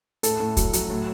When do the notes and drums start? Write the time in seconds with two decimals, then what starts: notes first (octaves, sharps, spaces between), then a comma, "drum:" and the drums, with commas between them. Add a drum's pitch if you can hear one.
0.23 A2 A4, drum: hi-hat
0.40 A2
0.57 F#3, drum: kick, hi-hat
0.73 F#3, drum: hi-hat
0.90 A2